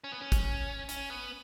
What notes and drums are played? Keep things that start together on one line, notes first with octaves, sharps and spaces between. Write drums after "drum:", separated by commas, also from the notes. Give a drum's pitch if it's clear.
C#4
B3
C#4
drum: kick, hi-hat
C#4, drum: hi-hat
B3